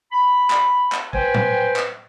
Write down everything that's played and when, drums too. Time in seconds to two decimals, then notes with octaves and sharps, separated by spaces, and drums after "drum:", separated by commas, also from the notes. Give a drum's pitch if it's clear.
0.12 B5
0.50 drum: clap
0.92 drum: clap
1.13 B4 C5 G5 G#5, drum: kick A1
1.34 drum: tom
1.76 drum: clap